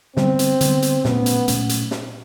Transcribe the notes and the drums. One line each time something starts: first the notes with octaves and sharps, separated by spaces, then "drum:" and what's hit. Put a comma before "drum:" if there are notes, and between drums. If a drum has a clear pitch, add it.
D3 G3 B3 C4, drum: snare
drum: hi-hat
D3 G3 B3, drum: hi-hat
drum: hi-hat
A#2 F#3 A3 B3 C#4, drum: snare
drum: hi-hat
A#2 F#3 A3 C#4, drum: hi-hat
drum: hi-hat
drum: snare